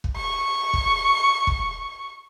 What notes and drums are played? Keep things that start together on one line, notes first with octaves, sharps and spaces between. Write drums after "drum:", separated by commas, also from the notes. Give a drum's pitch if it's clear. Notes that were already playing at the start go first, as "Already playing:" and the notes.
drum: kick
C#6
drum: kick
drum: kick